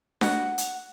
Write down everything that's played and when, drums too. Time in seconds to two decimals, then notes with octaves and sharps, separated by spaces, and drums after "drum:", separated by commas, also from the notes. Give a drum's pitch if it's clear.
0.21 F#4 F#5, drum: snare D4
0.58 drum: hi-hat